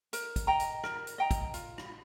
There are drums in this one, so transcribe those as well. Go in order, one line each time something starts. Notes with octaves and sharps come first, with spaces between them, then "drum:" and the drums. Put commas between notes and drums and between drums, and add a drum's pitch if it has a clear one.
A#4, drum: hi-hat
drum: kick, hi-hat
D#5 G5 A#5
drum: hi-hat
A#4, drum: rim click
drum: hi-hat
D#5 G5 A#5
drum: kick, hi-hat
F4, drum: hi-hat
drum: rim click